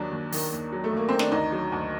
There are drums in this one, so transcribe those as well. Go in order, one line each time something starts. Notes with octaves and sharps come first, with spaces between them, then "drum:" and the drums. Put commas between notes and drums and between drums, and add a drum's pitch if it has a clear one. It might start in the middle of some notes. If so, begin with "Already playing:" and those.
Already playing: D#2 F#3 D4
D#2
D#3, drum: open hi-hat
D#2
F#3
A3
D#2 A#3
D#3 C4
D4, drum: snare
D2 D#4
F#3
D2